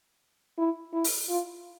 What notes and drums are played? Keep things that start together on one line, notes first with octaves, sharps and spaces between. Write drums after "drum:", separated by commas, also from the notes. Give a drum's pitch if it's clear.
E4
E4
drum: open hi-hat
F4